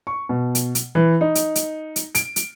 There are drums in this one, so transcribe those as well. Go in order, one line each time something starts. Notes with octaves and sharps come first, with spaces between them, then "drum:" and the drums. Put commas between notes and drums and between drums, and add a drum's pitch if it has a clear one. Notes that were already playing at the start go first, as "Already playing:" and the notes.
C#6
B2
drum: hi-hat
drum: hi-hat
E3
D#4
drum: hi-hat
drum: hi-hat
drum: hi-hat
D7, drum: hi-hat
drum: hi-hat